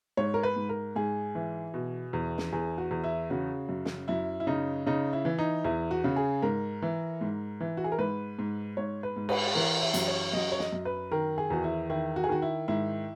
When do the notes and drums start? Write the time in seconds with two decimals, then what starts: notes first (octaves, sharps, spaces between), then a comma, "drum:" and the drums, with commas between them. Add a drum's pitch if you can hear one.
0.17 G#2 C#5
0.34 A#4
0.43 B4
0.56 G#2
0.69 A#4
0.96 G#2 G#4
1.35 E3
1.74 B2
2.13 E2
2.38 drum: snare
2.53 E2 G#4
2.78 F#4
2.91 E2
3.04 E4
3.30 C#3 F#4
3.69 F#2
3.85 drum: snare
4.08 F#2 E4
4.40 E4
4.47 C#3 D#4
4.86 C#3 D#4
5.13 E4
5.25 E3
5.39 D#4
5.64 E2 E4
5.91 F#4
6.04 C#3
6.16 G#4
6.42 G#2 A#4
6.82 E3
7.21 G#2
7.60 E3
7.77 F#4
7.84 G#4
7.92 A#4
7.98 G#2 B4
8.39 G#2
8.77 G#2 C#5
9.03 B4
9.16 G#2
9.29 B4, drum: cymbal
9.55 E3 A#4
9.81 E4
9.94 F#2, drum: hi-hat
10.08 C#5
10.33 F#2 D#5
10.52 C#5
10.59 D#5, drum: snare
10.73 F#2
10.85 B4
11.11 D#3 A#4
11.38 G#4
11.50 E2 F#4
11.64 E4
11.90 D#3 E4
12.16 F#4
12.24 G#4
12.29 D#3 F#4
12.42 E4
12.68 G#2 E4